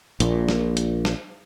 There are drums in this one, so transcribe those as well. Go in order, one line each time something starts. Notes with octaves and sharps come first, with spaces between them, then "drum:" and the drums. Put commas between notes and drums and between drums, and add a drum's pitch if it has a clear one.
A#1 A#2, drum: hi-hat
drum: snare
drum: hi-hat
drum: snare